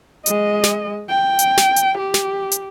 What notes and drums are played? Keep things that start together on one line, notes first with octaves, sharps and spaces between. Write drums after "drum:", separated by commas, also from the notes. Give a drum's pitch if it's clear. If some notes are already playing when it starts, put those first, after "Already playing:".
G#3 D#5, drum: hi-hat
drum: snare
G5
drum: hi-hat
drum: snare
drum: hi-hat
G4
drum: snare
drum: hi-hat